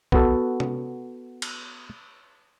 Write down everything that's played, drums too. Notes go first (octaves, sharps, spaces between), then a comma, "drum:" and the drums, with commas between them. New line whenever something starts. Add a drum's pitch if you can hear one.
B3 F#4 A4, drum: kick
drum: tom C3
drum: cymbal